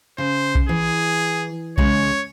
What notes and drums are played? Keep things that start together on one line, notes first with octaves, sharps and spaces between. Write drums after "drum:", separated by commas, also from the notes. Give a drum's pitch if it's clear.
C#3 C5
drum: kick B1
E3 G#4
C#3 G#3 C#5, drum: kick B1